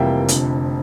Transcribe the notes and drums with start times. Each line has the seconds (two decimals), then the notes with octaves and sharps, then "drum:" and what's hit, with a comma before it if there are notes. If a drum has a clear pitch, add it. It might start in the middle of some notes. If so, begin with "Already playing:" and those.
Already playing: F1 F2 E3 G3 A#3 E5 G5
0.28 F1 F2 D3, drum: hi-hat